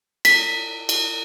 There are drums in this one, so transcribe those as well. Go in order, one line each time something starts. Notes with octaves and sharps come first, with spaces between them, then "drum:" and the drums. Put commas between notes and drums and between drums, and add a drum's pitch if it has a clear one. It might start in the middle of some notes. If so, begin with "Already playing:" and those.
B6, drum: cymbal
drum: cymbal